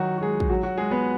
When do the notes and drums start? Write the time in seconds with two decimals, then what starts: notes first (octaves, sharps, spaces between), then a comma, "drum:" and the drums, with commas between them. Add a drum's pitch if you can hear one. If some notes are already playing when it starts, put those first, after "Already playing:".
Already playing: D#3 F#3 D#4 F#4
0.18 F#4
0.21 G#3 G#4
0.40 drum: kick
0.49 F#3 F#4
0.63 F#3 F#4
0.78 G#3 G#4
0.91 B3 B4